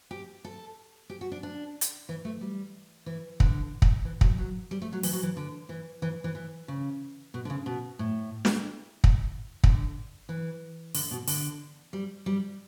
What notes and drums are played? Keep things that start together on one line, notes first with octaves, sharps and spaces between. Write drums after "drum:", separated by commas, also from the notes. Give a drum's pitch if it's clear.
G4
A4
G4
F#4
D4
D4
drum: hi-hat
E3
A3
G3
E3
D3, drum: kick
drum: kick
E3
F#3, drum: kick
F#3
G3
A3
F#3
E3, drum: open hi-hat
F#3
E3
D3
E3
E3
E3
E3
C#3
B2
D3
C#3
B2
A2
drum: snare
drum: kick
D3, drum: kick
E3
D3, drum: open hi-hat
B2
D3, drum: open hi-hat
G3
G3